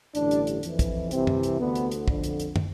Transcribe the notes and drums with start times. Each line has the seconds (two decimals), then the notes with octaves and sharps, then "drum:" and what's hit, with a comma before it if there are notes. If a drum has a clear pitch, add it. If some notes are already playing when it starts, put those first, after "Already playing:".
0.15 A1 G2 D3 D4, drum: hi-hat
0.31 drum: hi-hat
0.47 drum: hi-hat
0.63 F2 E3, drum: hi-hat
0.79 drum: kick, hi-hat
1.11 C2 C3 E3 C4, drum: hi-hat
1.27 drum: tom
1.43 drum: hi-hat
1.59 D2 D3 B3
1.75 drum: hi-hat
1.91 drum: hi-hat
2.08 F2 D3, drum: kick
2.24 drum: hi-hat
2.40 drum: hi-hat
2.56 drum: tom